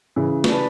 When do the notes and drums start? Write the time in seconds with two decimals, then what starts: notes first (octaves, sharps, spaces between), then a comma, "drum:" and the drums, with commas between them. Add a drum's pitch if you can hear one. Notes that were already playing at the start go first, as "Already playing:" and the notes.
0.16 C#3 E3
0.44 B4 D5 A5, drum: snare